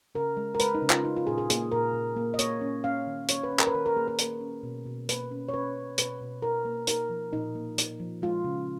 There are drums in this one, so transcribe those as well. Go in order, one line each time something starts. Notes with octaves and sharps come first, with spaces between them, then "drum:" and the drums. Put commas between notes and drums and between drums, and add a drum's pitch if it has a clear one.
C#3 A#4
G#3
A#4
G#3 B4, drum: hi-hat
D#4
C#3
F4, drum: clap
C#4 D#4
F4
A#2 G#4
G#4
A#3 G#4, drum: hi-hat
A#2 A#4
A#2
A#3
D#5
A#3 C#5, drum: hi-hat
C#4
C#4 F5
D#3
C#4 C#5, drum: hi-hat
B4
C#4
A#4, drum: clap
B4
D#3 A#4
A#4
A#3 G#4
A#4
A#3, drum: hi-hat
C#4
B2
B2
A#3 B4, drum: hi-hat
C#4
C#5
C#4 B4
C#4
B2 B4, drum: hi-hat
B2
D#4 A#4
A#3
D#4 A#4, drum: hi-hat
F3
A#2 D#4
A#3
D#4, drum: hi-hat
F3
G#3 F4
C#3